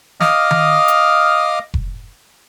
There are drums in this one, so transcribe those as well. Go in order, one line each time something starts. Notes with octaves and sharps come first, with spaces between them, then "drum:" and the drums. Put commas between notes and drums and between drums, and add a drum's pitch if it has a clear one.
D#5 F5 D6 D#6 F6, drum: snare
drum: tom D#3
drum: hi-hat
drum: kick F1